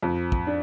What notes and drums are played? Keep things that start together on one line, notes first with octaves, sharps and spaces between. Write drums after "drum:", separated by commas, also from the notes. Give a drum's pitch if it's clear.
F2
drum: kick
D4